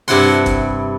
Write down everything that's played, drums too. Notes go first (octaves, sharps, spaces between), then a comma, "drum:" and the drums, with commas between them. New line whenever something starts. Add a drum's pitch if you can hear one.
G2 C3 C4 E4 F#5 C6, drum: open hi-hat
drum: kick F#1, hi-hat